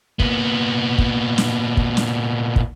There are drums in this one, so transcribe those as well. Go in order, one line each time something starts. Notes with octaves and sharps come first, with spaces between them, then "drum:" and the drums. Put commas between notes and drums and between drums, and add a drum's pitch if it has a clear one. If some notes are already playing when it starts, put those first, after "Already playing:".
A#2 B3, drum: kick
drum: kick
drum: snare
drum: kick
drum: snare
drum: kick